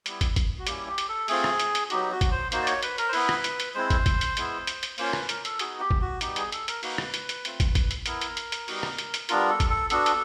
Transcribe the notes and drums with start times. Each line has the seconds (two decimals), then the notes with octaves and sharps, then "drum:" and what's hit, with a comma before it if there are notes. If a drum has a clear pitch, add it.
0.06 G3 B3 E4, drum: hi-hat
0.21 drum: kick, hi-hat
0.36 drum: kick, hi-hat
0.59 F#4
0.67 G3 A#3 C#4 E4 G4, drum: hi-hat
0.88 G4
0.98 drum: hi-hat
1.09 A4
1.28 A3 C4 F4 G#4, drum: open hi-hat
1.44 drum: rim click
1.60 drum: hi-hat
1.75 drum: hi-hat
1.90 F#3 B3 D#4 F#4 G4, drum: hi-hat
2.11 F#4
2.21 drum: kick, hi-hat
2.31 C5
2.52 A#3 D#4 F#4 C5, drum: hi-hat
2.62 D5
2.67 C#5, drum: hi-hat
2.83 B4, drum: hi-hat
2.98 A#4, drum: hi-hat
3.08 C5
3.13 B3 E4 B4, drum: open hi-hat
3.29 drum: rim click
3.44 drum: hi-hat
3.60 drum: hi-hat
3.75 G#3 C4 E4 C5
3.90 drum: kick, hi-hat
4.06 drum: kick, hi-hat
4.21 drum: hi-hat
4.37 G#3 B3 E4, drum: hi-hat
4.67 drum: hi-hat
4.83 drum: hi-hat
4.98 A#3 C#4 F4 C5, drum: open hi-hat
5.13 B4, drum: rim click
5.29 A#4, drum: hi-hat
5.45 A4, drum: hi-hat
5.59 B3 D#4 F#4 G#4, drum: hi-hat
5.80 G4
5.91 drum: kick
6.01 F#4
6.21 G3 B3 D#4 G4, drum: hi-hat
6.36 G#4, drum: hi-hat
6.52 A4, drum: hi-hat
6.68 A#4, drum: hi-hat
6.83 A#3 D#4 F#4 B4, drum: open hi-hat
6.98 drum: rim click
7.14 drum: hi-hat
7.29 drum: hi-hat
7.45 A3 C4 F4, drum: hi-hat
7.60 drum: kick, hi-hat
7.75 drum: kick, hi-hat
7.91 drum: hi-hat
8.06 B3 E4 A#4, drum: hi-hat
8.21 drum: hi-hat
8.37 drum: hi-hat
8.52 drum: hi-hat
8.68 G3 B3 D#4 F#4, drum: open hi-hat
8.83 drum: rim click
8.98 drum: hi-hat
9.14 drum: hi-hat
9.29 G3 B3 D4 F4 A#4, drum: hi-hat
9.50 A4
9.60 drum: kick, hi-hat
9.70 A4
9.90 B3 D4 F#4 A4, drum: hi-hat
10.06 drum: hi-hat